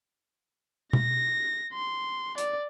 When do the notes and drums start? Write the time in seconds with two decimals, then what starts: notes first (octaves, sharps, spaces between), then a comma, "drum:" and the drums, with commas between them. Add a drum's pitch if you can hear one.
0.93 A#6, drum: tom B2
1.74 C6
2.38 D5, drum: hi-hat